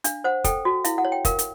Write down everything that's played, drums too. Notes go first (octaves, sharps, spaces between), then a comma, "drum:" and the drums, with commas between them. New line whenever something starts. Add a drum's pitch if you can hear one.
D4 F5, drum: hi-hat
C5 F#5
A4 G5, drum: kick, hi-hat
F#4
E4 F5, drum: hi-hat
F#5
C#5
G5
A#4 F5, drum: kick, hi-hat
drum: hi-hat